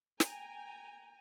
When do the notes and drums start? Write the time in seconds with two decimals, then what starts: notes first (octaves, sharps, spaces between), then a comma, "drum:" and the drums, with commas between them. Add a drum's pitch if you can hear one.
0.20 G5 G#5 A#5, drum: snare